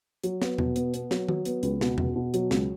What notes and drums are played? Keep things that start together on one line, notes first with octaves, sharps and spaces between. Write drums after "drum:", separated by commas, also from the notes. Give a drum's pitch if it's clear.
F#3, drum: hi-hat
B3, drum: snare
B2, drum: tom E2
B3, drum: hi-hat
B3, drum: hi-hat
F#3, drum: snare
F#3, drum: tom D#3
B3, drum: hi-hat
C#2, drum: hi-hat
B2, drum: snare
B2, drum: tom E2
B2
F#3, drum: hi-hat
C#2, drum: snare